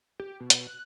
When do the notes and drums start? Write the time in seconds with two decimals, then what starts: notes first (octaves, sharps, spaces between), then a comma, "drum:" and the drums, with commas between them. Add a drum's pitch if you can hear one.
0.20 G4
0.40 B2
0.50 drum: hi-hat
0.67 F#6